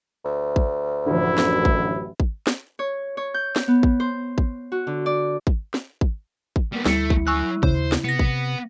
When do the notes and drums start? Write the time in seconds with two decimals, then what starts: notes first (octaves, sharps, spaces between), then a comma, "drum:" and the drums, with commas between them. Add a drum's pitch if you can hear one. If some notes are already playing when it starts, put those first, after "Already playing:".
0.25 D2
0.56 drum: kick
1.06 A1 F#2 D3 F3 E4
1.38 drum: snare
1.65 drum: kick
2.20 drum: kick
2.47 drum: snare
2.79 C#5
3.17 C#5
3.34 G6
3.56 drum: snare
3.68 B3
3.83 drum: kick
4.00 C5
4.38 drum: kick
4.72 F#4
4.87 D3
5.06 D5
5.47 drum: kick
5.74 drum: snare
6.01 drum: kick
6.56 drum: kick
6.73 G3 A#3 B3
6.86 D2 G3 A3 E4 C#7, drum: snare
7.10 drum: kick
7.27 F#3 G#5 C#6 E6 F#6
7.63 D#2 C#3 C5, drum: kick
7.92 drum: snare
8.04 C3 B3 A#6 C#7
8.19 drum: kick